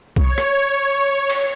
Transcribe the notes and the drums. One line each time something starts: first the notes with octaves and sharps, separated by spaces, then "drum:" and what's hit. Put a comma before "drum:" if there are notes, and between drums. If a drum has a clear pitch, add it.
C#5, drum: kick B1
drum: rim click
drum: cymbal